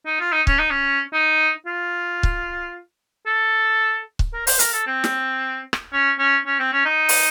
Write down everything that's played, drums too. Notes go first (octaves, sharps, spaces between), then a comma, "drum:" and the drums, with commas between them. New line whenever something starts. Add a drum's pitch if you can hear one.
D#4
F4
D#4
C#4, drum: kick C#1
D#4
C#4
D#4
F4
drum: kick C#1
A4
drum: kick C#1
A#4
C5, drum: open hi-hat
A#4, drum: hi-hat
A4
C4
drum: snare
drum: rim click
C#4
C#4
C#4
C4
C#4
D#4
drum: open hi-hat